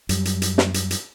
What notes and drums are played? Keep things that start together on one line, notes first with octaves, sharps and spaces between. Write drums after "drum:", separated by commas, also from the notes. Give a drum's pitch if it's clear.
F#2 G3, drum: hi-hat
drum: hi-hat
drum: hi-hat
drum: snare
drum: hi-hat
drum: hi-hat